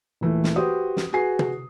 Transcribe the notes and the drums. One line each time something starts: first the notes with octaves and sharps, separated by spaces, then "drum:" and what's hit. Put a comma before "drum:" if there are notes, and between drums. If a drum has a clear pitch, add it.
D#1 E3 A3
drum: snare
F#4 G4 B4 C5 D#6
drum: snare
F#4 G#4 B4 G#5 C7
drum: tom